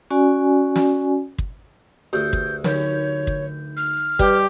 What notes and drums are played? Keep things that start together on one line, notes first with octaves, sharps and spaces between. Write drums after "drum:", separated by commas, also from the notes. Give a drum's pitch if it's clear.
C#4 F#4 D5 G#5
drum: snare
drum: kick
D2 G4 G#4 G6
drum: kick
D3 D#4 C#5 G6, drum: snare
drum: kick
F6
G3 G4 B4, drum: kick